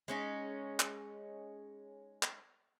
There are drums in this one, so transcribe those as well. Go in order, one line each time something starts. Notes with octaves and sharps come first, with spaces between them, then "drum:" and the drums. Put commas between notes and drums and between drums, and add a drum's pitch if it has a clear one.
G#3 C#4 D#4
drum: clap
drum: clap